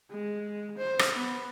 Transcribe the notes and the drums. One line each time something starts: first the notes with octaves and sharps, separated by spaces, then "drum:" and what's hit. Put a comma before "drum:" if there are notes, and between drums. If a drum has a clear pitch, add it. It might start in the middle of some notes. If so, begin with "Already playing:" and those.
G#3
C5
drum: rim click
B3